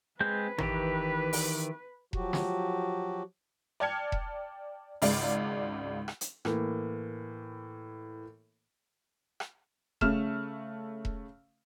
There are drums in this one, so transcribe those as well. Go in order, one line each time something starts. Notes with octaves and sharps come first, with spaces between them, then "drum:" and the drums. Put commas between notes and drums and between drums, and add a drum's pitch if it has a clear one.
G#3 C4 B4 G6
D#3 E3 G4, drum: tom
drum: open hi-hat
F3 F#3 F#4 G4, drum: kick E1
drum: snare
D5 G5 A5 F6 G#6 C#7
drum: kick E1
G#1 C#2 C#3 D5 F5, drum: open hi-hat
drum: rim click
drum: hi-hat
A2 E3 A#3, drum: rim click
drum: rim click
C#3 A3 F6 E7, drum: kick E1
drum: kick E1